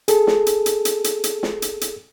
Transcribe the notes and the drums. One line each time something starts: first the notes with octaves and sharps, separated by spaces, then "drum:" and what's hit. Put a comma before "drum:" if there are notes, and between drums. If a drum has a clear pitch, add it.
G#4 A4, drum: hi-hat
drum: snare
drum: hi-hat
drum: hi-hat
drum: hi-hat
drum: hi-hat
drum: hi-hat
drum: snare
drum: hi-hat
drum: hi-hat